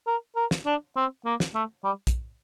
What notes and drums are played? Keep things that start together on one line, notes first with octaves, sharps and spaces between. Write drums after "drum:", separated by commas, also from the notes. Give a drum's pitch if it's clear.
A#4
A#4
drum: snare
D4
C4
A#3
drum: snare
A3
G3
drum: kick, hi-hat